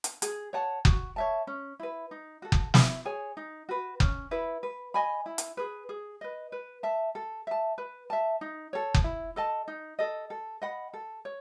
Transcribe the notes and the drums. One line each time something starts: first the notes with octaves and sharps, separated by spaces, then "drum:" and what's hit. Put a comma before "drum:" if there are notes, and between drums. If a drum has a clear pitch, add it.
drum: hi-hat
G#4, drum: hi-hat
C#5 F#5 A5
F#4, drum: kick F#1
C#5 E5 A5
C#4
E4 B4
D#4
F#4 A4
drum: kick F#1
E4, drum: snare
G#4 C#5 G#5
D#4
F#4 B4
C#4, drum: kick F#1
E4 B4
B4
D#5 G#5 B5
E4
drum: hi-hat
G#4 B4
G#4
B4 D#5
B4
E5 A5
A4
E5 A5
B4
E5 A5
D#4
A4 C#5
drum: kick F#1
E4
A4 D#5 A5
D#4
A4 D#5
A4
D#5 F#5 B5
A4
C#5